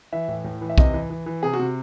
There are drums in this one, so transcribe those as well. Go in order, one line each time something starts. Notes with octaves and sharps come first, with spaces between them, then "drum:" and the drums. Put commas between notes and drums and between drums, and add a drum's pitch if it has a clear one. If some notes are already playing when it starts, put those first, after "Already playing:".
E3 E5
A2
A2
E3
E5
C3 D#5, drum: kick B1
E3
E3
E3
C3 G#4
F#4
C3